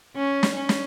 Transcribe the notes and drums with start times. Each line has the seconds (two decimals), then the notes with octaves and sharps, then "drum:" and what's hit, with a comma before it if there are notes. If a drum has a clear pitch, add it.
0.16 C#4
0.43 drum: snare
0.56 C#4
0.69 drum: snare